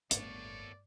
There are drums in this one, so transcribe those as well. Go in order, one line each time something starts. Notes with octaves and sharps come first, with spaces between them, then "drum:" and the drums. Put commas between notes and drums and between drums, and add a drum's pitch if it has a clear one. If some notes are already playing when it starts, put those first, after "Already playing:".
G1 D#2 A2 B3 A4 C#5 D5, drum: hi-hat